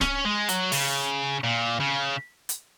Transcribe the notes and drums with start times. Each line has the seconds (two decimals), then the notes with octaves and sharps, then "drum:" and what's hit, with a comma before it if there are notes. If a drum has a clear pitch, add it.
0.01 C#4, drum: snare D1
0.25 G#3
0.49 F#3, drum: hi-hat
0.72 C#3, drum: open hi-hat
1.44 A#2
1.80 C#3
2.49 drum: hi-hat